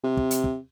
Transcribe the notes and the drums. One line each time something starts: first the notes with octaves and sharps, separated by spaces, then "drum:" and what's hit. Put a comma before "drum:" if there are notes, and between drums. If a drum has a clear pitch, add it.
C3
drum: kick
drum: hi-hat
drum: kick